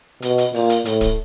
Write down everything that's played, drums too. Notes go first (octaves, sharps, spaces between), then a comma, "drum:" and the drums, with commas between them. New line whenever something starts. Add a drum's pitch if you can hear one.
B2, drum: hi-hat
drum: hi-hat
A#2, drum: open hi-hat
drum: hi-hat
A2, drum: hi-hat
drum: kick D1, hi-hat